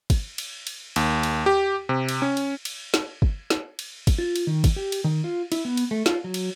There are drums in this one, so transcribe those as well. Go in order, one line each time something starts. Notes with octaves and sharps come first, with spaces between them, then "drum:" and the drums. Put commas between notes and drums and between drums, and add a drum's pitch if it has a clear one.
drum: kick, cymbal
drum: cymbal
drum: cymbal
D#2, drum: cymbal
drum: cymbal
G4
C3
drum: cymbal
C#4
drum: cymbal
drum: cymbal
drum: snare
drum: kick
drum: snare
drum: cymbal
drum: kick, cymbal
F4
drum: cymbal
D#3
drum: kick, cymbal
G4
drum: cymbal
D#3
F4
E4, drum: cymbal
B3
drum: cymbal
A3
F4, drum: snare
F#3
drum: cymbal